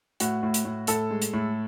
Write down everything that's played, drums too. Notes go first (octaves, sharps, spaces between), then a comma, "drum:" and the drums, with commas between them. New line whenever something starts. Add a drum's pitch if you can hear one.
A2 F#4, drum: hi-hat
A2
drum: hi-hat
A2
A2 A4, drum: hi-hat
G#3
drum: hi-hat
A2